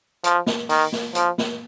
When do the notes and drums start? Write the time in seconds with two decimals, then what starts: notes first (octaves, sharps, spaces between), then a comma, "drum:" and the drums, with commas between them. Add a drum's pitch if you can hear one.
0.24 F3, drum: hi-hat
0.46 drum: snare
0.69 D#3, drum: open hi-hat
0.92 drum: snare
1.15 F3, drum: hi-hat
1.38 drum: snare